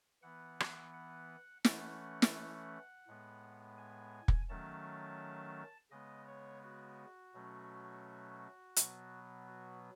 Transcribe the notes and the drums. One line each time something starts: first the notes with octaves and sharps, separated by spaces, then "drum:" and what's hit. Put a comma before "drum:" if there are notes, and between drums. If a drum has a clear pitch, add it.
E3 B3 F#5
drum: rim click
F#5
E3 A3 C#4 F#5, drum: snare
drum: snare
A2 G#3 B3
G#5
drum: kick
D#3 F#3 A3 C#4 A5
C#3 G#3 B3 D#5
C#5
F#4
B2 F#3 A3 C#4
B2 F#3 B3, drum: hi-hat
F#4